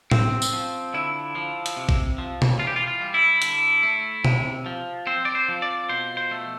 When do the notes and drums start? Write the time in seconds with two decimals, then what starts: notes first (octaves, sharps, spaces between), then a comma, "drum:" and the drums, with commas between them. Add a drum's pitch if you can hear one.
0.11 C4, drum: tom A2
0.42 drum: tambourine
0.53 F3
0.94 D3 E4
1.35 F3
1.66 drum: hi-hat
1.77 C3
1.89 drum: kick A1
2.18 F3
2.42 drum: tom B2
2.59 E3 F4
2.67 G4
2.76 F4
2.87 F4
3.01 G3
3.14 E4
3.42 D3, drum: hi-hat
3.83 A3
4.25 C3, drum: tom B2
4.66 F3
5.07 C4 C5
5.25 D5
5.35 C5
5.49 F3
5.62 D5
5.89 B2 C5
6.17 C5
6.31 A3